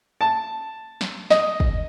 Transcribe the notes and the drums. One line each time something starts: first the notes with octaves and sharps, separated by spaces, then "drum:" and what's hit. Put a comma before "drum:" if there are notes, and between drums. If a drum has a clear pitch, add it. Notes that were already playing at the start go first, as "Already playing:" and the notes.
A5
drum: snare
D#5, drum: snare
drum: kick